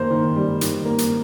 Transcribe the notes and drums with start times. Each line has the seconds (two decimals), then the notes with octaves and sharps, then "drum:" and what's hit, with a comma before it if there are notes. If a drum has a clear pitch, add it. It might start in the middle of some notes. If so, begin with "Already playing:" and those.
Already playing: D#3 A#3 C5
0.11 D#3
0.36 G3
0.61 D#3, drum: hi-hat
0.85 A#3
0.98 drum: hi-hat